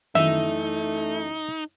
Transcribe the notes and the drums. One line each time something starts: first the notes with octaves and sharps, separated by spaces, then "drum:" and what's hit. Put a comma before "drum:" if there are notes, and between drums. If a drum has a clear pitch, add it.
F#2 E3 A3 D#4 E5, drum: tom D#3